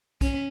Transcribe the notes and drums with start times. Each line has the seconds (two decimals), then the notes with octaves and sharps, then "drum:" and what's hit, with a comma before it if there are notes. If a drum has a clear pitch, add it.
0.21 C#4, drum: kick, hi-hat